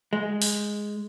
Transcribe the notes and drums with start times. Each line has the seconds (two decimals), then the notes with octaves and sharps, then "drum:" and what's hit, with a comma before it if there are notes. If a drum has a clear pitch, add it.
0.13 G#3
0.42 drum: open hi-hat